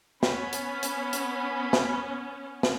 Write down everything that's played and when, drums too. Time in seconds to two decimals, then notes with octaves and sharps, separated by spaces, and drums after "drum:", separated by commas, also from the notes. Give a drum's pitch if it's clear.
0.23 B3 C#4 B5, drum: snare
0.53 drum: hi-hat
0.83 drum: hi-hat
1.13 drum: hi-hat
1.73 drum: snare
2.63 drum: snare